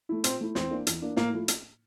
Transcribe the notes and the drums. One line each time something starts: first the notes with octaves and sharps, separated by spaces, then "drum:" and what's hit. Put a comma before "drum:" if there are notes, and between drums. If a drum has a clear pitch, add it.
A3 E4
A#2 C4, drum: hi-hat
A3 E4
E2 C4, drum: snare
E3 A#3 D4
E2, drum: hi-hat
E3 A#3 D4
A2 A#3, drum: snare
F3 A3 E4 A4
drum: hi-hat